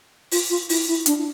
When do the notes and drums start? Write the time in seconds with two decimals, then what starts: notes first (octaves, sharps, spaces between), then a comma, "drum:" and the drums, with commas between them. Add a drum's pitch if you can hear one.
0.31 F4, drum: open hi-hat
0.49 F4
0.69 E4, drum: open hi-hat
0.88 E4
1.06 D4, drum: hi-hat